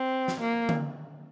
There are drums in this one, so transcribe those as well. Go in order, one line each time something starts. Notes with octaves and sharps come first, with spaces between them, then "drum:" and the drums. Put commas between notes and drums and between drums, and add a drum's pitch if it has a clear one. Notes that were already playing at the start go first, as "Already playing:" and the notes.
Already playing: C4
drum: snare
A#3
drum: tom D3